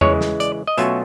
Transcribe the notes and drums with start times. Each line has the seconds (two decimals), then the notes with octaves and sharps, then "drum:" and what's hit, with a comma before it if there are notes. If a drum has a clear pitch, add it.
0.01 C#3 E3 G#3 C#5, drum: tom E2
0.21 drum: snare
0.40 D5, drum: hi-hat
0.67 D#5
0.77 B2 F#3 A3 C#4 F4 E5, drum: hi-hat